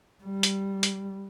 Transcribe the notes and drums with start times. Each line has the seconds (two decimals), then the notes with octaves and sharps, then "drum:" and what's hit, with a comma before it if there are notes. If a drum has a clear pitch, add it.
0.23 G3
0.43 drum: hi-hat
0.83 drum: hi-hat